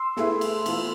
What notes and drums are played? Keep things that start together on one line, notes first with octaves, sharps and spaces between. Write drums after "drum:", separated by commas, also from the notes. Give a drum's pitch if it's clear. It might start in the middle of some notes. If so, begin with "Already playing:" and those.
Already playing: C6 E6
A3 E4 G#4 B4 E5, drum: snare
drum: cymbal
E3 B3 F4 A4, drum: cymbal